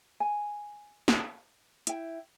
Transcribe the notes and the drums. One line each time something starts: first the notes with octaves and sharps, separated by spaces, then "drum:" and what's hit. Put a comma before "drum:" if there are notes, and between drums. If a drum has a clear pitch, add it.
G#5
drum: snare
E4 G5, drum: hi-hat